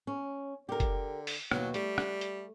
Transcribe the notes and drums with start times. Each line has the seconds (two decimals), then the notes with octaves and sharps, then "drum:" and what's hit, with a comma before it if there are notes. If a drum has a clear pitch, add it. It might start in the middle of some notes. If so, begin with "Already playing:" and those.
0.07 C#4
0.69 D3 G4 A#4
0.80 drum: kick, hi-hat
1.27 drum: open hi-hat
1.51 D#2 B2 F#3, drum: rim click
1.74 G3 A3, drum: hi-hat
1.98 drum: rim click
2.21 drum: hi-hat